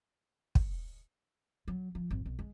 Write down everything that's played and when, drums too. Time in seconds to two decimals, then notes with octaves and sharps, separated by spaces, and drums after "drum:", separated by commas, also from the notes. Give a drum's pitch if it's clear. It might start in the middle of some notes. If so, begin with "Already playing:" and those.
0.55 drum: kick
1.68 F#3
1.95 F3
2.11 G#1
2.26 B1
2.39 G#3